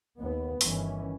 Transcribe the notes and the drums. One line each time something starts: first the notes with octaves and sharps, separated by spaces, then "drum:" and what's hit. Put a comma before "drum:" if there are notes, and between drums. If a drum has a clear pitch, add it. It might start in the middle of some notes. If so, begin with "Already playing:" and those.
D#2 B3
G1 D#3 E3 C#4, drum: open hi-hat